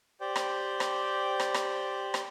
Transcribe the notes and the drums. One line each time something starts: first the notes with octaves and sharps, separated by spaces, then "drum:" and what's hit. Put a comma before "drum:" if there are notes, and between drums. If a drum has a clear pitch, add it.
G4 C5 D5 G5
drum: rim click
drum: rim click
drum: rim click
drum: rim click
drum: rim click